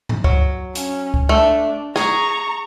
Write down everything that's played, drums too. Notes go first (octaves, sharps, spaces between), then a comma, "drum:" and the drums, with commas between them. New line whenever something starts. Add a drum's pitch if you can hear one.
drum: tom
F#3, drum: kick C#2
C#4, drum: hi-hat
drum: kick C#2
A3 D4
G#4 A#5 C#6, drum: snare